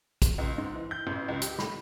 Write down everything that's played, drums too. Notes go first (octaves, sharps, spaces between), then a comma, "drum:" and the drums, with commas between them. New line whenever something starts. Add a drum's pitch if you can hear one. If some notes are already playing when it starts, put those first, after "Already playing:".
drum: kick, hi-hat
C#2
G#2
E3
G6
A1
C#2
G4, drum: hi-hat
B5, drum: snare